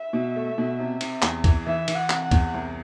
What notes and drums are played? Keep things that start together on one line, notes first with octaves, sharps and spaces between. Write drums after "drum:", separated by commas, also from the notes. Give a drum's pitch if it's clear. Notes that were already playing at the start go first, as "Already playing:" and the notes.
Already playing: E5
B2
A3
B2
C3
C3, drum: cymbal
E2, drum: clap
E3, drum: kick, cymbal
E3 E5
E3, drum: cymbal
F#5
C3, drum: clap
F#5
E2, drum: kick, cymbal
C2